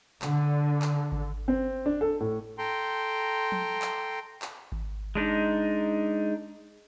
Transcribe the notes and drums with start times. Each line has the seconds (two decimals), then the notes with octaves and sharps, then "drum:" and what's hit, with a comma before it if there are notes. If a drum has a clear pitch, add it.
0.22 D3, drum: clap
0.82 drum: clap
1.12 drum: kick G#1
1.48 C4
1.86 D4
2.01 A4
2.20 A2
2.58 A4 G5 A#5 C6
3.52 drum: tom F3
3.82 drum: clap
4.42 drum: clap
4.72 drum: kick G#1
5.15 G#3 D4 D#4